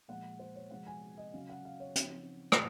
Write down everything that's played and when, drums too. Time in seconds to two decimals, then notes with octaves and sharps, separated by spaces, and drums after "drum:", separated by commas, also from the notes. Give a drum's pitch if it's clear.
0.08 A#2 F3 G#3 F#5
0.39 C5
0.55 C#5
0.71 C3 F3 G#3 C4 F#5
0.86 G#5
1.18 D#5
1.34 C#3 F#3 C#4 F5
1.49 F#5
1.65 F5
1.80 C#5
1.96 C#3 F3 C4 D#4, drum: hi-hat
2.52 G#4, drum: rim click